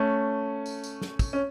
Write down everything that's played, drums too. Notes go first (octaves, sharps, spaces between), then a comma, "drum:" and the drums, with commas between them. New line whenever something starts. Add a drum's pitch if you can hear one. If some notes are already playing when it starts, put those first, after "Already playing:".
Already playing: A3 C#4
drum: tambourine
drum: tambourine
drum: snare
drum: kick, tambourine
C#4